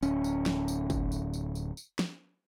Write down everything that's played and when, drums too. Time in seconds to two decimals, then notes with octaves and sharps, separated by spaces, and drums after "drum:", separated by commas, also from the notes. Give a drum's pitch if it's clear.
0.03 D1 C#4, drum: tambourine
0.24 drum: tambourine
0.46 drum: snare
0.68 drum: tambourine
0.90 drum: kick, tambourine
1.12 drum: tambourine
1.34 drum: tambourine
1.55 drum: tambourine
1.77 drum: tambourine
1.99 drum: snare